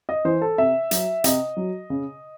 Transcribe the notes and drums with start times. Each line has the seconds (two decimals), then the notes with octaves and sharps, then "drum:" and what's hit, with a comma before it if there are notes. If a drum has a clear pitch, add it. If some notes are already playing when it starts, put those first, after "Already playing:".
0.09 D#5
0.25 E3 C5
0.41 A4
0.58 C3 E5
0.91 F#3, drum: hi-hat
1.24 C3 D#5, drum: hi-hat
1.57 F#3
1.90 C#3